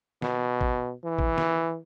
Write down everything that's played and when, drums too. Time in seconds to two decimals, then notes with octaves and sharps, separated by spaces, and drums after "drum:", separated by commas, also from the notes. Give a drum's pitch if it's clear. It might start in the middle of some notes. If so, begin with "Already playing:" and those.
0.22 B2, drum: snare
0.61 drum: kick
1.04 E3
1.19 drum: kick
1.38 drum: snare